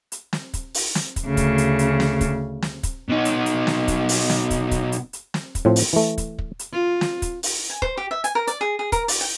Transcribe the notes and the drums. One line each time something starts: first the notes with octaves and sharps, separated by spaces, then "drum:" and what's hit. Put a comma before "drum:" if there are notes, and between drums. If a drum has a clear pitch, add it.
drum: hi-hat
drum: snare
drum: kick, hi-hat
drum: open hi-hat
drum: snare
drum: kick, hi-hat
D2 C#3
drum: kick, hi-hat
drum: hi-hat
drum: hi-hat
drum: snare
drum: kick, hi-hat
drum: snare
drum: kick, hi-hat
B2 D#4
drum: hi-hat
drum: hi-hat
drum: snare
drum: kick, hi-hat
drum: open hi-hat
drum: snare
drum: kick, hi-hat
drum: kick, hi-hat
drum: hi-hat
drum: hi-hat
drum: snare
drum: kick, hi-hat
A2 F3 C4
drum: open hi-hat
E3 A3
drum: kick, hi-hat
drum: kick
drum: hi-hat
F4
drum: snare
drum: kick, hi-hat
drum: open hi-hat
G#5
C5, drum: kick
G4
E5
G#5, drum: hi-hat
A#4
D5, drum: hi-hat
G#4
G#4
A#4, drum: kick, hi-hat
D5, drum: open hi-hat
G5